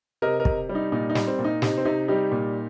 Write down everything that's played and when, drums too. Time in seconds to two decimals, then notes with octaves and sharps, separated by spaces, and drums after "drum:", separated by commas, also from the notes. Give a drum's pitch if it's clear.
0.22 C3 A#4 D#5
0.40 A#4 D#5
0.45 C3, drum: kick
0.69 G3
0.75 D#4
0.92 A#2 D#4
1.10 D#4
1.15 G3, drum: snare
1.27 C4
1.39 A#2
1.44 D#4
1.62 C3 D#4, drum: snare
1.78 C4
1.85 C3 D#4
2.08 G3 D#4 G4
2.32 A#2